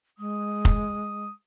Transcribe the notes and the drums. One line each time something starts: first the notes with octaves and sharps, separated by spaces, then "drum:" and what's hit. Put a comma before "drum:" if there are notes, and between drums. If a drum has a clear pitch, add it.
G#3 D#6
drum: kick F1